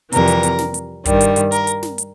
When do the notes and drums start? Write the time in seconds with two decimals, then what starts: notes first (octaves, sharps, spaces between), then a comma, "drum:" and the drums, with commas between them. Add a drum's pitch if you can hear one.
0.12 F2 C3 E3 G3 A#4, drum: hi-hat
0.27 drum: hi-hat
0.43 drum: hi-hat
0.59 drum: snare
0.74 drum: hi-hat
1.05 G2 D#3 G3, drum: kick, hi-hat
1.21 drum: hi-hat
1.36 drum: hi-hat
1.52 A#4, drum: hi-hat
1.67 drum: hi-hat
1.83 drum: snare
1.98 drum: hi-hat